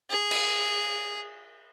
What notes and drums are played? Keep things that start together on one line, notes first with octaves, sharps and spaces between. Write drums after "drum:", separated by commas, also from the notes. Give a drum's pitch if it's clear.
G#4
drum: cymbal